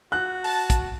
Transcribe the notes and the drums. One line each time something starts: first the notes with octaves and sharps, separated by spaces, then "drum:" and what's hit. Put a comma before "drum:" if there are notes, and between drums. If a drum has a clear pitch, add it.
F#4 F#6
A5, drum: open hi-hat
drum: kick, hi-hat